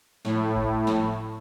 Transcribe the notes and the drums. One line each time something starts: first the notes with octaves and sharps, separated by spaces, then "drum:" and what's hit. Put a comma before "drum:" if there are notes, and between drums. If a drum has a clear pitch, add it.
A2, drum: snare
drum: kick G1
drum: snare